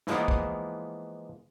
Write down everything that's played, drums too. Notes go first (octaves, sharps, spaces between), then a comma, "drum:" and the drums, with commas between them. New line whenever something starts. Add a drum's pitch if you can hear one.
E3 F3 G#3 A#3 B3, drum: snare
drum: kick